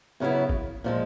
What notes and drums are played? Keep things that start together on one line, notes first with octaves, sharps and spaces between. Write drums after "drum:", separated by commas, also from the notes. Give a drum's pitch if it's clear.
F#2 C#3 F#3 B3 E4
drum: kick G1
A#2 F3 G#3